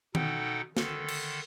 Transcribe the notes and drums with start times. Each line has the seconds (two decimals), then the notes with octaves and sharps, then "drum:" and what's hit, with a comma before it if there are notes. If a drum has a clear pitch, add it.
0.15 B2 D#4 A4 F#5 G5, drum: tom D#3
0.77 D3 D#3 A4, drum: snare
1.08 drum: cymbal